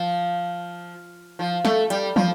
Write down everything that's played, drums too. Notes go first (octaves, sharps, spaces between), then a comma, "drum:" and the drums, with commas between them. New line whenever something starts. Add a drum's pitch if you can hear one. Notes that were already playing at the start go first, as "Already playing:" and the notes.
Already playing: F3
F3
A3, drum: snare
G3, drum: hi-hat
F3, drum: tom